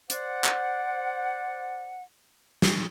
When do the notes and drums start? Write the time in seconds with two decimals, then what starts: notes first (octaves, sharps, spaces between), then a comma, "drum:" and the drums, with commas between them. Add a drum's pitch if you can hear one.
0.10 C5 D5 F#5, drum: hi-hat
0.44 drum: clap
2.62 drum: snare